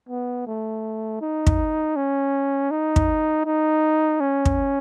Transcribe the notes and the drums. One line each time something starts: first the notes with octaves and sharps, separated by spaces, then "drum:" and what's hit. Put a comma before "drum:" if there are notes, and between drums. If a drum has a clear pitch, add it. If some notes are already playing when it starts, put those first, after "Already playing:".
B3
A3
D#4
drum: kick
C#4
D#4
drum: kick
D#4
C#4
drum: kick